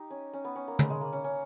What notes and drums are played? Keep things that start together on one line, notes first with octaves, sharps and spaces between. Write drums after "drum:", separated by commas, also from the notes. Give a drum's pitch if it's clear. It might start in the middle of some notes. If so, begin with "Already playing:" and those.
Already playing: D#4 G4
C#4
C#4
B3
C#4
A#3
G#3, drum: tom
G#3
A#3
C#4
C#4